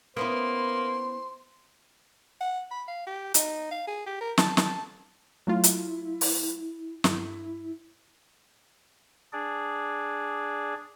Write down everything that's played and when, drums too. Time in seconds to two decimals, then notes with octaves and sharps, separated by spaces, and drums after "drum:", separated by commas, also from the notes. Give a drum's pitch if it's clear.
0.17 A#3 B3 C#4 E4 C5 C6
2.41 F#5
2.71 B5
2.88 F5
3.07 G4
3.34 D#4, drum: hi-hat
3.71 F5
3.87 G#4
4.06 G4
4.21 A#4
4.38 A5, drum: snare
4.57 A5, drum: snare
5.47 F#3 A3 E4 F4
5.64 drum: hi-hat
6.21 drum: open hi-hat
7.04 G2 E4, drum: snare
9.33 D4 G#4 D5